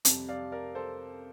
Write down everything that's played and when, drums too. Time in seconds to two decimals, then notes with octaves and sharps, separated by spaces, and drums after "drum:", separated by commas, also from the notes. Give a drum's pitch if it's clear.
0.05 F2 C3 G3, drum: hi-hat
0.29 D5 F5
0.52 A#4 D5
0.75 A4 C5